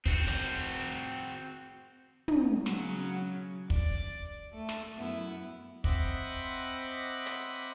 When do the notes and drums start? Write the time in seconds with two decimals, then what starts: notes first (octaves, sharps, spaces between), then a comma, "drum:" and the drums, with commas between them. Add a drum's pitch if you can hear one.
0.06 C4 F#4, drum: kick
0.27 drum: hi-hat
2.28 drum: tom
2.66 C#3 F#3, drum: snare
3.70 D5, drum: kick
4.53 A3
4.69 drum: snare
4.96 F#2 B3 E4
5.84 C4 D#5 E5 F#5 B5 D6, drum: kick
7.26 drum: hi-hat